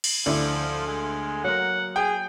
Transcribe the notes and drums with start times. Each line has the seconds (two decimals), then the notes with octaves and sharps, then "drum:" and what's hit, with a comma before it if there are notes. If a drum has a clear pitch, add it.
0.04 drum: cymbal
0.26 D2 F3 E4 D5
0.87 G#3
1.44 F#3 A#3 A#4 F#5
1.96 G#4 G5